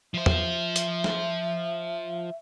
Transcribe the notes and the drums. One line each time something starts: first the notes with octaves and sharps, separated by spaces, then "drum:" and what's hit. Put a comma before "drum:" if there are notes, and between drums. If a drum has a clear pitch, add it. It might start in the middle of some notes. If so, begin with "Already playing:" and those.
F3 C5 E5
drum: tom E2
drum: hi-hat
drum: snare